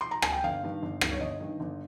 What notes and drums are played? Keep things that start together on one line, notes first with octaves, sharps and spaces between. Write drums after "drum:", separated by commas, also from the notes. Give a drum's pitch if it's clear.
C6
A#5
G#5, drum: rim click
G5
G1 F5
G2 D#3
G1
G2 D#3, drum: rim click
C#5
G1 D#5
G2 D#3
G1